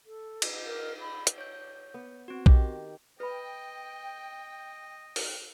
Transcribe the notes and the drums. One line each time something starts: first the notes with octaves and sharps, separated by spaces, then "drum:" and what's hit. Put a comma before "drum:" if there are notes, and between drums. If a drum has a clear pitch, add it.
A4
drum: cymbal
A#4
B5
drum: hi-hat
C#5 G6
B3
C4 F#4
D#3 G4, drum: kick
B4 D#5 G5 B5
drum: open hi-hat